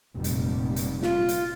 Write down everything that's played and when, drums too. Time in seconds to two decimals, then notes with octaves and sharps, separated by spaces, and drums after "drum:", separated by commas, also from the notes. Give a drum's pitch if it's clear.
0.14 F1 A#2 G3
0.24 drum: hi-hat
0.76 drum: hi-hat
1.02 F4, drum: snare
1.29 drum: hi-hat